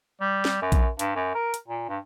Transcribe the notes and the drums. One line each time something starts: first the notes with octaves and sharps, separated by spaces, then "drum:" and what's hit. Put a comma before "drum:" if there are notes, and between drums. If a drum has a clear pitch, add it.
G3
drum: snare
F#2
drum: kick A#1, hi-hat
G2, drum: hi-hat
F#2
A#4
drum: hi-hat
A#2
G2